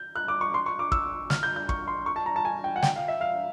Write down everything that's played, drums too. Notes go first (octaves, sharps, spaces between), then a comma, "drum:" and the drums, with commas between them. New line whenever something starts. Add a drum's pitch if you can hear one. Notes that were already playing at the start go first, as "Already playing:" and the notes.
Already playing: G6
F#6
D6
C#6
C6
C#6
D6
E6, drum: kick
F6, drum: snare
G6
G6
C#6, drum: kick
C6
C#6
A5
A#5
A5
G#5
G5
F#5
G5, drum: snare
F5
E5
F5